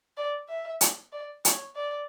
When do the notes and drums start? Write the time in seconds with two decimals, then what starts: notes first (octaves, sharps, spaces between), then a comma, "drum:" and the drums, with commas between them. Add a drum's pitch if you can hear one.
0.17 D5
0.49 E5
0.81 drum: hi-hat
1.12 D5
1.45 C#5, drum: hi-hat
1.76 D5